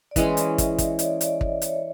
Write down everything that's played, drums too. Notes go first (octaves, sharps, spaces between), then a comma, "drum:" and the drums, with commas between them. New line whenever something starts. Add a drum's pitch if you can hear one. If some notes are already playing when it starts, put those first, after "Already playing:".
D5
E3 G#3 C#4 D#5, drum: kick, hi-hat
E5, drum: hi-hat
E5, drum: kick, hi-hat
D#5, drum: kick, hi-hat
C#5
D5, drum: hi-hat
D5, drum: hi-hat
drum: kick
C#5, drum: hi-hat